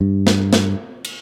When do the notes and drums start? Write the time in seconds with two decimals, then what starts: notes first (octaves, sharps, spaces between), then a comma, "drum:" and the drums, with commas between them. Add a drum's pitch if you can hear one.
0.01 G2
0.27 drum: snare
0.53 drum: snare
1.05 drum: cymbal